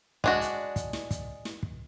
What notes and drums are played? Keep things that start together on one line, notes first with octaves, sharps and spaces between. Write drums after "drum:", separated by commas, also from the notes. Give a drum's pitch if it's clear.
G#3 D4 F#4, drum: kick
drum: hi-hat
drum: kick, hi-hat
drum: snare
drum: kick, hi-hat
drum: snare
drum: kick